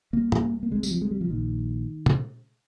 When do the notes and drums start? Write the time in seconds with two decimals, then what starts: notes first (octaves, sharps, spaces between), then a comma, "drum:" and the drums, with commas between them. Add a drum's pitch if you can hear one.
0.13 C2 C3 A#3
0.32 drum: tom
0.63 A#3
0.71 C2 C3 G#3
0.83 G3, drum: tambourine
0.91 F3
1.02 G#3
1.11 G3
1.21 F3
1.30 A#1 A#2 D#3
2.06 drum: tom